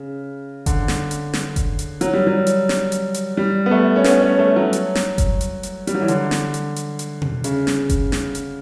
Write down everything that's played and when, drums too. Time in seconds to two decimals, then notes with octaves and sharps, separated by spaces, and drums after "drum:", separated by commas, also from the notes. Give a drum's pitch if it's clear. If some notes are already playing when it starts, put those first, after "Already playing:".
Already playing: C#3
0.66 D3, drum: kick F#1, hi-hat
0.88 drum: snare
1.11 drum: hi-hat
1.33 drum: snare
1.56 drum: kick F#1, hi-hat
1.79 drum: hi-hat
2.01 F#3, drum: hi-hat
2.13 G3
2.27 F#3
2.47 drum: hi-hat
2.69 drum: snare
2.92 drum: hi-hat
3.14 drum: hi-hat
3.37 G3
3.66 B3
3.71 A3
3.96 C#4
4.04 B3, drum: snare
4.22 C#4
4.39 A3
4.56 F#3
4.73 drum: hi-hat
4.95 drum: snare
5.18 drum: kick F#1, hi-hat
5.41 drum: hi-hat
5.63 drum: hi-hat
5.87 G3, drum: hi-hat
5.95 F#3
6.01 E3
6.08 D3, drum: hi-hat
6.31 drum: snare
6.54 drum: hi-hat
6.76 drum: hi-hat
6.99 drum: hi-hat
7.22 drum: tom B2
7.44 C#3, drum: hi-hat
7.67 drum: snare
7.89 drum: kick F#1, hi-hat
8.12 drum: snare
8.35 drum: hi-hat